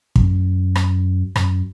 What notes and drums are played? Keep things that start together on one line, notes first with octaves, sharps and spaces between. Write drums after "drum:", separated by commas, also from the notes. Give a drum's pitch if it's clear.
F#2, drum: kick
drum: rim click
F#2, drum: rim click